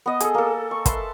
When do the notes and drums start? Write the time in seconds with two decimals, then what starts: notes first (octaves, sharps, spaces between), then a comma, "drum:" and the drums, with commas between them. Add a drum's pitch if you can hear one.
0.06 B3 D#5
0.20 G#4 A4, drum: hi-hat
0.34 A#3 A4
0.71 C#6
0.86 B4 E5 A5 C6, drum: kick, hi-hat